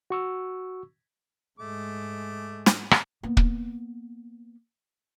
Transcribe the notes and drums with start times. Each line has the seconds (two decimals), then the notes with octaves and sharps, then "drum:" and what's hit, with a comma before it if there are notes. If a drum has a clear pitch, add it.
0.10 F#4 C#6 E6
1.59 G#2 G#3 A3 D6
2.66 drum: snare
2.91 drum: rim click
3.23 A#3 B3
3.37 drum: kick